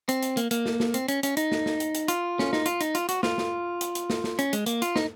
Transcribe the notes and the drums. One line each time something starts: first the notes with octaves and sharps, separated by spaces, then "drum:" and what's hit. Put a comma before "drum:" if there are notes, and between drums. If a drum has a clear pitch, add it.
C4, drum: hi-hat
drum: hi-hat
A#3, drum: hi-hat
A#3, drum: hi-hat
drum: snare
drum: snare
C4, drum: hi-hat
C#4, drum: hi-hat
C#4, drum: hi-hat
D#4, drum: hi-hat
drum: snare
drum: snare
drum: hi-hat
drum: hi-hat
F4, drum: hi-hat
C#4, drum: snare
D#4, drum: snare
F4, drum: hi-hat
D#4, drum: hi-hat
F4, drum: hi-hat
F#4, drum: hi-hat
F4, drum: snare
drum: snare
drum: hi-hat
drum: hi-hat
drum: snare
drum: snare
C#4, drum: hi-hat
G#3, drum: hi-hat
A#3, drum: hi-hat
F4, drum: hi-hat
D#4, drum: snare